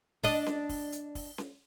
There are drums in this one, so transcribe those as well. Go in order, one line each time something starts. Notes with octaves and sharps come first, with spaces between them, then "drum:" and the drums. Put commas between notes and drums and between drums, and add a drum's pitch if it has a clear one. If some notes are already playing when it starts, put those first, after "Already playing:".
D4 D#5, drum: kick, open hi-hat
drum: snare C#4
drum: kick, open hi-hat
drum: hi-hat
drum: kick, open hi-hat
drum: snare C#4